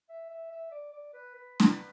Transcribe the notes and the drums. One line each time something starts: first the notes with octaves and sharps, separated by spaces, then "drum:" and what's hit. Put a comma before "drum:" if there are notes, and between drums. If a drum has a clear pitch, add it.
E5
E5
E5
D5
D5
B4
B4
drum: snare